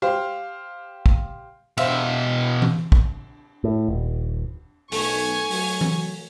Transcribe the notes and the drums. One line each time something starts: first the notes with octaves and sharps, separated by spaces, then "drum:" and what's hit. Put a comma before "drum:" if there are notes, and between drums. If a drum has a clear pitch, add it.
G4 C5 F5
drum: kick
B2 C5 E5 F5, drum: cymbal
drum: tom E3
drum: kick
A2
D#1
B1 A3 G#5 C#6, drum: open hi-hat
F#3, drum: open hi-hat
drum: tom E3